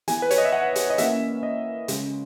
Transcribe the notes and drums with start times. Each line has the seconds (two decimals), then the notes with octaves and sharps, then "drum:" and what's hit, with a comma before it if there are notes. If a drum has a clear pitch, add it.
0.08 E3 B3 G#5, drum: hi-hat
0.22 B4
0.31 C#5, drum: hi-hat
0.38 D#5
0.45 E5
0.52 F#5
0.76 drum: hi-hat
0.90 D#5
0.98 E3 A#3 C#4 E5, drum: hi-hat
1.43 D#5
1.88 C#3 G#3 C#4, drum: hi-hat